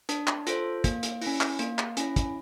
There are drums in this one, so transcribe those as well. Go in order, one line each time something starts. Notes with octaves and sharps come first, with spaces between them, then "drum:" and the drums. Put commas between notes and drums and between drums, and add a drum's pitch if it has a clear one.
D4, drum: hi-hat
drum: clap
F4 A4 C5, drum: hi-hat
A#3, drum: kick, hi-hat
drum: hi-hat
E4, drum: open hi-hat
C#4
drum: clap
A#3, drum: hi-hat
drum: clap
C#4 E4, drum: hi-hat
drum: kick, hi-hat